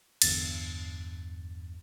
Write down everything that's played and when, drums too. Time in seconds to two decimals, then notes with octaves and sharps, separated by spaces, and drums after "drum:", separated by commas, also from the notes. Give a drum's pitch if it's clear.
0.22 G1 E2 G2 A6, drum: cymbal